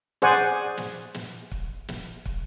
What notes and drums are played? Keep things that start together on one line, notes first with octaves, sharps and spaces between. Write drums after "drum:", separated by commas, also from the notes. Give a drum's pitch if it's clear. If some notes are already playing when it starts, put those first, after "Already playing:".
G#4 C5 D5 F#5 G#5, drum: snare
drum: snare
drum: snare
drum: kick
drum: snare
drum: kick